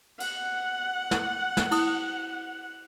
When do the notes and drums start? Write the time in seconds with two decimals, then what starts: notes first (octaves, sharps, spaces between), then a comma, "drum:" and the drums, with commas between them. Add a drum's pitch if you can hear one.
0.20 F#5, drum: cymbal
1.11 drum: snare
1.57 drum: snare
1.71 E4 D#6, drum: cymbal